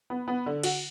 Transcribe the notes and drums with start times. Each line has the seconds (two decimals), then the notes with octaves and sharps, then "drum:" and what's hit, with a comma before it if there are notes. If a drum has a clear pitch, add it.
0.10 B3
0.28 B3
0.46 D3
0.63 F#4, drum: cymbal